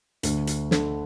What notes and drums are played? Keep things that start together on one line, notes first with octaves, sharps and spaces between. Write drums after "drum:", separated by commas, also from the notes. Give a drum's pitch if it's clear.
D2, drum: hi-hat
drum: hi-hat
D3, drum: snare